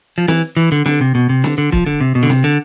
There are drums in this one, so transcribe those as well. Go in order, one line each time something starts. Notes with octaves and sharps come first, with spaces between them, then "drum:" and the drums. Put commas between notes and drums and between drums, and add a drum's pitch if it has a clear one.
F3
E3, drum: snare
E3
D3
D3, drum: snare
C3
B2
C3
D3, drum: snare
D3
F3, drum: kick C#1
D3
C3
B2
D3
C3, drum: snare
D3